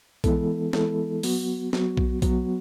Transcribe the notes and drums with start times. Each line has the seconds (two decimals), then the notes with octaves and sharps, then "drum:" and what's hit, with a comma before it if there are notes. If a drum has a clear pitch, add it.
0.24 E3 G#3 B3 E4 A4, drum: kick B1, hi-hat
0.73 E3 G#3 B3 E4 A4, drum: snare
1.23 F#3 B3 F#4, drum: open hi-hat
1.73 F#3 B3 F#4, drum: snare
1.97 drum: kick B1
2.22 F#3 B3 F#4, drum: kick B1, hi-hat